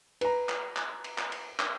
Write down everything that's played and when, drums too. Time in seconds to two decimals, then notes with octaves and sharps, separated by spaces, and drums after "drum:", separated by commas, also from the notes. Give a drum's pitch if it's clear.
0.21 B4 A#5, drum: cymbal
0.49 drum: clap
0.77 drum: clap
1.04 drum: cymbal
1.18 drum: clap
1.32 drum: cymbal
1.60 drum: clap